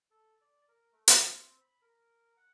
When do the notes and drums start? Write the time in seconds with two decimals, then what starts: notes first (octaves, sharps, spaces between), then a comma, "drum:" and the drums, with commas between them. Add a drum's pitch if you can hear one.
0.11 A4
0.41 D5
0.68 A#4
0.93 A3
1.08 F#5, drum: hi-hat
1.36 C4
1.61 B5
1.82 A#4
2.37 F#5